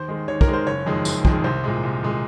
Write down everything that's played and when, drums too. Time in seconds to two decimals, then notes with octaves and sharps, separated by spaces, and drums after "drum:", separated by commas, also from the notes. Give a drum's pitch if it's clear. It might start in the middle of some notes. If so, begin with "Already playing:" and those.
Already playing: D#2 C5
0.08 D#3 G#3
0.28 D#2 C#5
0.41 A#4, drum: kick
0.47 D#3 G#3
0.53 C5
0.67 F#1 C#5
0.86 F2 D#3 G#3
1.05 F#1, drum: tambourine
1.25 F2 D#3 G#3, drum: kick
1.44 C2 C5
1.64 A#2 G#3
1.83 C2
2.03 A#2 G#3